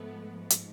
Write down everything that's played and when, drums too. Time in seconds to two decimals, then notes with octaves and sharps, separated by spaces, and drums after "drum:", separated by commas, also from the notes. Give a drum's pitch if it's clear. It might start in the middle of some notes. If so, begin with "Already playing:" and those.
Already playing: G#2 F3 A3 B3
0.50 drum: hi-hat